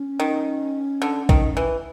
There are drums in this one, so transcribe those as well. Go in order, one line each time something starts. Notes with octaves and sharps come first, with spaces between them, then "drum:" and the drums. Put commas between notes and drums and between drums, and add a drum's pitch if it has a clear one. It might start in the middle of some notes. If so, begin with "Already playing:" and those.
Already playing: C#4
D#3
D3
D#3, drum: kick B1
E3